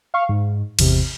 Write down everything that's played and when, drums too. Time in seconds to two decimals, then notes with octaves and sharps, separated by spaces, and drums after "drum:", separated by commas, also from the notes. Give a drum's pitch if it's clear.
0.14 F5 C#6
0.29 G#2
0.79 G#1 E2 C3, drum: cymbal